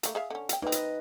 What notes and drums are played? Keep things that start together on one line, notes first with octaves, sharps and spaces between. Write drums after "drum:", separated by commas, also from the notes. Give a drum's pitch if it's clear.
A3 A#3, drum: hi-hat
G#4 E5 F5
D3 C#4
F#5 G5, drum: hi-hat
A#3 C4 D#4 B4 D#5
drum: hi-hat